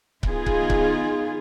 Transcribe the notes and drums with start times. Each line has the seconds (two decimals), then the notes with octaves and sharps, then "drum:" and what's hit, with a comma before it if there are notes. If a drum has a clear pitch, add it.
0.23 D#3 B3 D#4 F4 G#4, drum: kick C#1
0.46 drum: kick C#1
0.70 drum: kick C#1